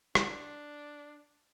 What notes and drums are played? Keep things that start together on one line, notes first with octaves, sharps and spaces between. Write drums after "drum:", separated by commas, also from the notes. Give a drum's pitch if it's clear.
D4, drum: rim click